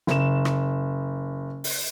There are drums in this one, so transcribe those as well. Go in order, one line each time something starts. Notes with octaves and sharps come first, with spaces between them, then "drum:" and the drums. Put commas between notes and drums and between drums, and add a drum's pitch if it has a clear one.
F#1 E7, drum: snare
drum: rim click
drum: open hi-hat